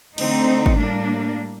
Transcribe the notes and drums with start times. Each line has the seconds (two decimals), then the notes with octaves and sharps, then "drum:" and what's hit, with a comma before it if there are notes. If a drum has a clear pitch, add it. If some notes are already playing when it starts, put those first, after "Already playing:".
0.18 D3 A3 C4 D#4, drum: cymbal
0.66 drum: kick
0.78 A2 G3 A#3 D4